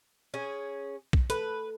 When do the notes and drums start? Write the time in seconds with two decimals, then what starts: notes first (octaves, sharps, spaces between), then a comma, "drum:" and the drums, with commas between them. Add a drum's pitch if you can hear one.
0.34 C#4 G#4
1.13 drum: kick
1.30 A4 B4, drum: hi-hat